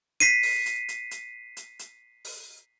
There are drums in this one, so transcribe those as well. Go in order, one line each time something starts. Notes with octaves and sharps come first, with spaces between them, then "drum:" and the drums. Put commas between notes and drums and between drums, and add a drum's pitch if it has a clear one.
B6 C7 D#7
drum: open hi-hat
drum: hi-hat
drum: hi-hat
drum: hi-hat
drum: hi-hat
drum: hi-hat
drum: open hi-hat